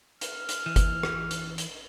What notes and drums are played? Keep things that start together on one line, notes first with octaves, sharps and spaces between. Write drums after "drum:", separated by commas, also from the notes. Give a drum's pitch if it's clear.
F6, drum: hi-hat
drum: hi-hat
E3
drum: kick G1, hi-hat
drum: rim click
drum: hi-hat
drum: hi-hat